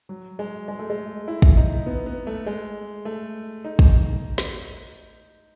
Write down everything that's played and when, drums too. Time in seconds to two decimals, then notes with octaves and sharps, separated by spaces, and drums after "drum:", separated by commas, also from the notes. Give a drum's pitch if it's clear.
0.09 F#3
0.39 G#3
0.68 G#3
0.79 A3
0.90 G#3
1.28 E4
1.42 drum: kick
1.57 D#4
1.86 B3
2.06 B3
2.27 A3
2.46 G#3
3.05 A3
3.65 D#4
3.79 drum: kick
4.38 drum: snare